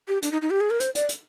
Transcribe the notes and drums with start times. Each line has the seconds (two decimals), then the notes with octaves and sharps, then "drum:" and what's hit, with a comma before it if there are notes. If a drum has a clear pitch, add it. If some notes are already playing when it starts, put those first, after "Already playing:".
0.08 G4
0.22 D4, drum: hi-hat
0.32 D#4
0.42 D#4
0.50 G4
0.60 G#4
0.70 A#4
0.80 C5, drum: hi-hat
0.95 D5, drum: hi-hat
1.09 drum: hi-hat